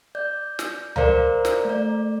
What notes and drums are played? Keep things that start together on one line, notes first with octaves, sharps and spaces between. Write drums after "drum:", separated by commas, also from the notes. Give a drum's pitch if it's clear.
D5 G6
drum: snare
A#4 C5 D5 F5 A#5, drum: tom C#2
drum: snare
A3 D5